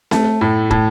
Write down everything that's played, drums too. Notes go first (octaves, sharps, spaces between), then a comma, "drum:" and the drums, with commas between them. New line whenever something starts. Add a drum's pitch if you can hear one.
A3, drum: snare C4
A2
A2, drum: kick